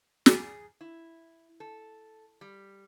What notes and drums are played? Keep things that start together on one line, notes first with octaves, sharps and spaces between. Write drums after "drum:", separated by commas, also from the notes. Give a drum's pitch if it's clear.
G#4, drum: snare
E4
A4
G3